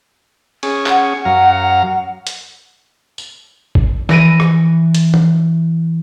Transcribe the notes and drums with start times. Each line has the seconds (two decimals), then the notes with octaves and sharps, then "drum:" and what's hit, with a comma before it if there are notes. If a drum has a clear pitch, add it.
0.63 C#4 G#4, drum: cymbal
0.86 F#5, drum: clap
1.25 F#2 F5 A#5
2.27 drum: hi-hat
3.18 drum: tambourine
3.75 drum: kick
4.09 E3 B4 A#6 D7 D#7, drum: snare
4.40 drum: rim click
4.95 drum: hi-hat
5.14 drum: tom